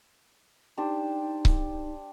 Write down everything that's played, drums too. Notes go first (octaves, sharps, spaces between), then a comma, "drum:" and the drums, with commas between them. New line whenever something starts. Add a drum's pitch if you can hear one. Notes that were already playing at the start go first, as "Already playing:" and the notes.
D4 D#4 G4 C5
drum: kick C#1